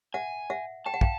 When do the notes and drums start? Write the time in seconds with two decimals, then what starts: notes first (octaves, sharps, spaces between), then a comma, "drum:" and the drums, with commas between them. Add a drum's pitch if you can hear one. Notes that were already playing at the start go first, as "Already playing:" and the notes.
0.14 E5 F#5 G#5
0.50 E5 F#5
0.86 G5 A5
0.94 F#5
1.01 F5 G5, drum: kick